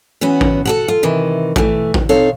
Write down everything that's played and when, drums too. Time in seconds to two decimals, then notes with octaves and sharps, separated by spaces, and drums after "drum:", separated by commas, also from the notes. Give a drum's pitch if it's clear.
0.21 E3 B3 C#4 F#4
0.41 drum: kick A1
0.65 F#4 A4 F#5
0.88 F4
1.03 C3 D#3 E3
1.56 E3 A3, drum: kick A1
1.94 drum: kick A1
2.09 C4 D#4 A4 C#5 F5